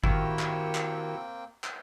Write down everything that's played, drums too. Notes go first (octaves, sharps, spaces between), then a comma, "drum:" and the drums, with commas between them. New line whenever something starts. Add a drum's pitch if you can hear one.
D#3 A#3 C4 E4 F#4 G4 G5, drum: kick G1
drum: clap
drum: clap
drum: clap